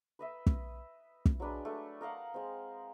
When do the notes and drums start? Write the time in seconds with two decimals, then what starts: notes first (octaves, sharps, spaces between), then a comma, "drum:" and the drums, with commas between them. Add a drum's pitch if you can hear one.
0.19 B4 D#5 E5
0.46 drum: kick
1.25 drum: kick
1.40 F#3 G#3 D4 B4
1.65 A3
2.01 A#4 D#5 F5 F#5
2.34 G#3 C4